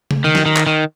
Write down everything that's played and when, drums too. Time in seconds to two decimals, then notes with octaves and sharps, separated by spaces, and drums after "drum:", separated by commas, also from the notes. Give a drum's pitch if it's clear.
0.11 drum: tom C#3
0.24 D#3
0.35 drum: snare
0.46 D#3
0.56 drum: clap
0.67 D#3